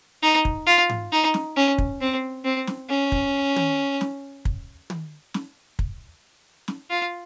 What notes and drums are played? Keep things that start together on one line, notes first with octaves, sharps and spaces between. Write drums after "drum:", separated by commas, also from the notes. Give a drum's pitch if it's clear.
D#4
drum: kick
F4
drum: tom G#2
D#4
drum: snare
C#4
drum: kick
C4
C4
drum: snare
C#4
drum: kick
drum: tom
drum: snare
drum: kick
drum: tom
drum: snare
drum: kick
drum: snare
F4